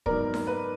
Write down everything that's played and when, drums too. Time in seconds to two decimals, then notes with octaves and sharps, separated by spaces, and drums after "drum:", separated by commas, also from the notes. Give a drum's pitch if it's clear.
0.06 G#2 F#3 B3 A#4 D5, drum: kick
0.34 drum: snare D#4
0.47 B4